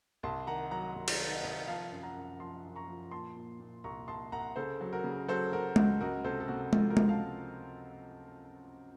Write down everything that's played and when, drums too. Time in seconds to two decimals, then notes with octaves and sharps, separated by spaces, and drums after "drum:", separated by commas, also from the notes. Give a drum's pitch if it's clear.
0.23 C2 A5 C6
0.47 D#3 F#5 A#5
0.71 F#3 F#5 A#5
0.95 C2
1.08 drum: cymbal
1.19 D#3
1.32 D#5 F#5
1.44 C2
1.67 F3 F5 A5
1.91 F#2
2.03 F#5 A#5
2.15 F#2
2.39 F3 A5 C6
2.64 F#2
2.76 A#5 C#6
2.88 F3
3.11 A#2 A5 C6
3.36 A#2
3.60 A#2
3.84 C2 A#5 C#6
4.08 C2 A5 C6
4.32 C2 F#5 A#5
4.56 C#3 A4 C5
4.81 F#3
4.92 F#4 A#4
5.04 C#3
5.28 F#3 A4 C5
5.52 F#3 F#4 A#4
5.76 C#2 F#4, drum: tom G#3
6.01 C#2 F#4 A#4
6.24 C3 A4 C5
6.40 A4
6.48 C3 F#4
6.73 F3 F4 A4, drum: tom G#3
6.90 F#4 A#4
6.97 C#2, drum: tom G#3
7.09 F5 A5